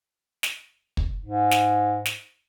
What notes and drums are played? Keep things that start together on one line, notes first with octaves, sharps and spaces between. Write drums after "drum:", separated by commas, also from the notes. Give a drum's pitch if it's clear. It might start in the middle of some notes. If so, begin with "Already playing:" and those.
drum: snare
drum: kick
G#2
drum: snare
drum: snare